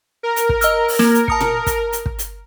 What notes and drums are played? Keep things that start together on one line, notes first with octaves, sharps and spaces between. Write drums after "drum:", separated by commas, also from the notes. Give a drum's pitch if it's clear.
A#4
drum: hi-hat
drum: kick
D#5 E6 F6, drum: hi-hat
drum: open hi-hat
A#3, drum: snare
drum: hi-hat
A5 D#6 C#7, drum: kick
drum: tom A#2
drum: kick, hi-hat
drum: hi-hat
drum: kick
drum: hi-hat